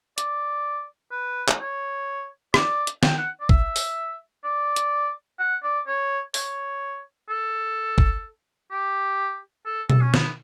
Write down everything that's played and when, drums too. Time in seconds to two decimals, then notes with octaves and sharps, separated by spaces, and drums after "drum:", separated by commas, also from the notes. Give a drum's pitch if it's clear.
0.18 D5, drum: hi-hat
1.12 B4
1.48 drum: clap
1.60 C#5
2.54 D5, drum: rim click
2.87 drum: hi-hat
3.03 G5, drum: snare
3.18 F#5
3.41 D5
3.49 E5, drum: kick
3.76 drum: open hi-hat
4.44 D5
4.76 drum: hi-hat
5.39 F#5
5.63 D5
5.87 C#5
6.34 C#5, drum: open hi-hat
7.29 A4
7.98 drum: kick
8.71 G4
9.66 A4
9.90 A4, drum: tom B2
10.02 C#4
10.14 B3, drum: snare